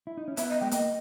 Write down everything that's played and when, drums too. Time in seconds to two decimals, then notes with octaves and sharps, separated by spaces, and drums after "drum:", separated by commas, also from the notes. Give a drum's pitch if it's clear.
0.07 E4
0.17 D#4
0.28 C#4
0.37 B3 E5, drum: hi-hat
0.50 D#5
0.60 G#3 G5
0.71 A#3 D#5, drum: hi-hat